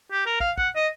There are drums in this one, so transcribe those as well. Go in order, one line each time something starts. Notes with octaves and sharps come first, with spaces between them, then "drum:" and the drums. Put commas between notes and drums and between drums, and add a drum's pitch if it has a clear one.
G4
A#4
F5, drum: kick
F#5, drum: kick
D#5